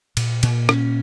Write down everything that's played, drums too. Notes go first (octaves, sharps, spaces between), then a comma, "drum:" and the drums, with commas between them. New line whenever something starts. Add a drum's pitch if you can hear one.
A#2, drum: cymbal
A#2, drum: cymbal
C#4, drum: rim click